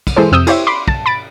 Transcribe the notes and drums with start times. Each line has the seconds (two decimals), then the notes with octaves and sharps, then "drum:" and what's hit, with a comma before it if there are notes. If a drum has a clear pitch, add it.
0.07 drum: kick, cymbal
0.17 E3 G#3 E4 G#4 A4 C5
0.32 F2 C3 D#6 E6 G6
0.47 E4 G4 C5 C#5 E5, drum: cymbal
0.67 B5 C6 D6
0.88 A5, drum: kick
1.06 B5 A6 D7